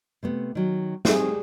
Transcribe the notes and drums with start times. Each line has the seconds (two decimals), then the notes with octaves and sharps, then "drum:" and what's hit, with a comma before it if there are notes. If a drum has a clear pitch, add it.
0.23 C3 A3 B3
0.55 D#3 F#3
1.05 G3 C4 D#4 G#4, drum: snare